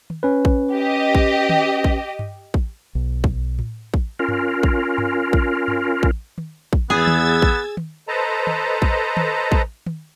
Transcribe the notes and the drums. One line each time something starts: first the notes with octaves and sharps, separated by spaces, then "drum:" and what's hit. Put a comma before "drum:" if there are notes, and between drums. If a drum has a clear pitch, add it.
drum: tom D#3
C#4 B4
drum: kick
G4 D#5
drum: kick
drum: tom D#3
drum: kick
drum: tom G2
drum: kick
B1
drum: kick
drum: tom A2
drum: kick
C#4 F4 A#4
drum: tom G2
drum: kick
drum: tom G2
drum: kick
drum: tom G2
drum: kick
drum: tom D#3
drum: kick
E2 B3 G#4 E6 G#6 A6
drum: tom D#3
drum: kick
drum: tom D#3
A4 B4 C5 D#5 A5 A#5
drum: tom D#3
drum: kick
drum: tom D#3
drum: kick
drum: tom D#3